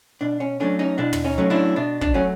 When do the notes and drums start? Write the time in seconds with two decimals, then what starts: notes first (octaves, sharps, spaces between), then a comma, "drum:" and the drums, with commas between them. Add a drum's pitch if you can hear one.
0.21 B2 D4
0.40 C#4
0.60 F#3 A3 C#4 D4
0.79 C#4 D#4
0.98 B2 D4 E4
1.13 drum: tom
1.24 C#4 D#4
1.38 F#3 A3 C#4
1.50 D4 E4
1.76 B2 D4
2.01 D4, drum: kick
2.14 F#3 A3 C#4